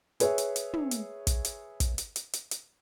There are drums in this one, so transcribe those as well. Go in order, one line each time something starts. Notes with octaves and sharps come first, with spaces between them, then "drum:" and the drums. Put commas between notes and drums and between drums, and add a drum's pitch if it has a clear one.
G#4 B4 C#5 E5, drum: hi-hat
drum: hi-hat
drum: hi-hat
drum: tom
drum: hi-hat
drum: kick, hi-hat
drum: hi-hat
drum: kick, hi-hat
drum: hi-hat
drum: hi-hat
drum: hi-hat
drum: hi-hat